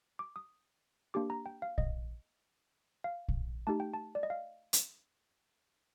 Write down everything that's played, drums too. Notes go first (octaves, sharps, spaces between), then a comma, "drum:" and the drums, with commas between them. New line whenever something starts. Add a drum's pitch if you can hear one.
D6
D#6
A#3 D4 G4 D6
A#5
G5
F5
D#5, drum: kick A#1
F5
drum: kick A#1
A3 D#4 G4 A5
G5
A5
D5
D#5
F5
drum: hi-hat